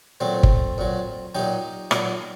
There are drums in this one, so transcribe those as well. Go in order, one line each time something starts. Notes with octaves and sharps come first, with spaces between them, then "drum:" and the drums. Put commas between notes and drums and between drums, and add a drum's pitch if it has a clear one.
A#2 F#3 A3 C4
drum: kick G1
A#2 F#3
A#2 F#3 D#4 G4
A#2 F#3, drum: rim click